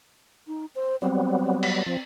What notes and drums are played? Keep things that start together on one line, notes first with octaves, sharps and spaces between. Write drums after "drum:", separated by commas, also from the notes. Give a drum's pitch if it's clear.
D#4
C5
F#3 G3 B3 C4
drum: cymbal
F3 C4